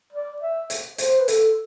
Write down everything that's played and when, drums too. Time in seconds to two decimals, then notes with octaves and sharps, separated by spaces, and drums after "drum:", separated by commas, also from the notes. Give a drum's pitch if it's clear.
0.12 D5
0.41 E5
0.70 drum: hi-hat
0.98 C5, drum: hi-hat
1.20 B4
1.28 A4, drum: hi-hat